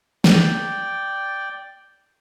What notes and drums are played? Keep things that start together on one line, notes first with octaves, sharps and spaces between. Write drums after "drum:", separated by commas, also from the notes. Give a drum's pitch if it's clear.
D5 G5, drum: snare